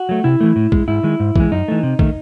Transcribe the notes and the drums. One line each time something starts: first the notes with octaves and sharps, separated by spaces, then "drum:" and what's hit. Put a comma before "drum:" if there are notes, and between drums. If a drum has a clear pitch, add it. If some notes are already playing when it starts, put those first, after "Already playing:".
Already playing: F#4
F#3 A3
C3 E4
E3 A3
A2
G#3, drum: kick
G#2 E4
D#3 G#3
G#2
E3 G#3, drum: kick
F#2 D#4
E3 A3
C3
D#3 A3, drum: kick